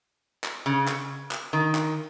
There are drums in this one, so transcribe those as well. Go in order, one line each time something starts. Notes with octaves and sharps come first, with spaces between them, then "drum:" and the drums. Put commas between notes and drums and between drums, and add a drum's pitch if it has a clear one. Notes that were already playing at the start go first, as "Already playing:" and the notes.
drum: clap
C#3
drum: clap
drum: clap
D#3
drum: clap